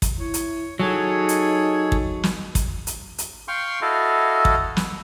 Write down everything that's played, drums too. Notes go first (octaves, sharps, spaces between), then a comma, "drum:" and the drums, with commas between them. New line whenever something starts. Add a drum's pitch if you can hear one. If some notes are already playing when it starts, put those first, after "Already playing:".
drum: kick, hi-hat
E4 C#5
drum: hi-hat
F#3 D#4 G#4 A4 C#5
drum: hi-hat
drum: kick
drum: snare
drum: kick, hi-hat
drum: hi-hat
drum: hi-hat
F5 G5 C6 C#6
E4 F#4 A4 D#5 F5
drum: kick
drum: snare